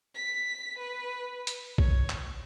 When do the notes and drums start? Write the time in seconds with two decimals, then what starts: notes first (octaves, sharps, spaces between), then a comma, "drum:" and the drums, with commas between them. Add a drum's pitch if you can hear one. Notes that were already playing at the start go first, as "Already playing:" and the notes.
0.15 B6
0.78 B4
1.47 drum: hi-hat
1.78 C#5, drum: kick
2.10 drum: clap